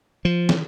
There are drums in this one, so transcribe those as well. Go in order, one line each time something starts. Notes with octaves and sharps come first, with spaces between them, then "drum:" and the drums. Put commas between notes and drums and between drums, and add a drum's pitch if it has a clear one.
F3
drum: snare